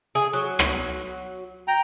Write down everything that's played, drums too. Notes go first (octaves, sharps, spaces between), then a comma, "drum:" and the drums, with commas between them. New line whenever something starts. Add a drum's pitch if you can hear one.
G#4
F#3
drum: rim click
G5 A#5